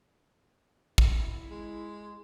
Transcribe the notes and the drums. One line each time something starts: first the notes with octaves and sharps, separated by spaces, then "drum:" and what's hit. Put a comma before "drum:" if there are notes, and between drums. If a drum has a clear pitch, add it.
drum: kick
E4
G#3